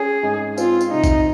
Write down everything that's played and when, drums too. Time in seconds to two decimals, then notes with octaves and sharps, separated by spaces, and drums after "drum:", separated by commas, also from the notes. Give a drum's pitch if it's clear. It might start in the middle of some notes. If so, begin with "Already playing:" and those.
Already playing: C#4 G#4
0.23 G#2
0.58 C4 F4, drum: tambourine
0.81 drum: tambourine
0.92 C3 D#4
1.04 drum: kick, tambourine